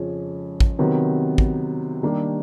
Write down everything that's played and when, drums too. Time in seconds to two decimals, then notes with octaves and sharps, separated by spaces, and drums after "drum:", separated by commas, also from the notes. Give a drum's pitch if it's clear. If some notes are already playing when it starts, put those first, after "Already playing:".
Already playing: F2 C#3 F3 G#3 C#4
0.60 drum: kick
0.79 C3 D#3 F#3 B3
1.38 drum: kick
2.03 D#3 G3 A#3 D4 G4